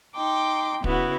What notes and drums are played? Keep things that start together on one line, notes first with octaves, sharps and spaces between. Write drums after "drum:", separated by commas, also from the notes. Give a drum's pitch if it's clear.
D#4 G5 C6 D6
C#3 B3 E4 F#4, drum: kick